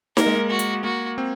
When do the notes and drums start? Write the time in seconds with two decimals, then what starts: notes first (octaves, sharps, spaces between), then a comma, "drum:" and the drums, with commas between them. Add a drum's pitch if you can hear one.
0.17 A#3 A#4, drum: snare D#4
0.26 G#3
0.35 A#3
0.50 F#4
0.59 drum: hi-hat
0.84 A#3 F#4
1.18 C4